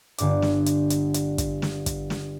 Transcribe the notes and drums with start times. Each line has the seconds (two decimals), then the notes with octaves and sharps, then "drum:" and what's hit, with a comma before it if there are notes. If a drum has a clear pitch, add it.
0.18 G1 G2 D6, drum: hi-hat
0.42 drum: snare
0.66 drum: hi-hat
0.90 drum: hi-hat
1.14 drum: hi-hat
1.38 drum: kick, hi-hat
1.62 drum: snare
1.86 drum: kick, hi-hat
2.10 drum: snare